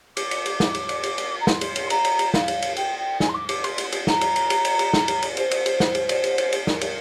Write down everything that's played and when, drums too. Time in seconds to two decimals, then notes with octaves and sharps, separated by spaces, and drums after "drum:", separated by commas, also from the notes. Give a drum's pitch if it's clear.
0.17 D6, drum: cymbal
0.31 drum: cymbal
0.46 drum: cymbal
0.60 drum: snare
0.75 drum: cymbal
0.89 drum: cymbal
1.03 drum: cymbal
1.18 drum: cymbal
1.40 A#5
1.47 C6, drum: snare
1.61 drum: cymbal
1.76 drum: cymbal
1.90 A#5, drum: cymbal
2.05 drum: cymbal
2.19 drum: cymbal
2.34 F5, drum: snare
2.48 drum: cymbal
2.62 drum: cymbal
2.77 G5, drum: cymbal
2.98 G5
3.20 G#5, drum: snare
3.29 C6
3.34 D6
3.49 D6, drum: cymbal
3.64 C6, drum: cymbal
3.78 drum: cymbal
3.92 drum: cymbal
4.07 A#5, drum: snare
4.21 drum: cymbal
4.36 drum: cymbal
4.50 drum: cymbal
4.65 drum: cymbal
4.79 drum: cymbal
4.94 drum: snare
5.08 drum: cymbal
5.22 drum: cymbal
5.37 C5, drum: cymbal
5.51 drum: cymbal
5.66 drum: cymbal
5.80 drum: snare
5.95 drum: cymbal
6.09 drum: cymbal
6.24 drum: cymbal
6.38 drum: cymbal
6.52 drum: cymbal
6.67 A#4, drum: snare
6.81 drum: cymbal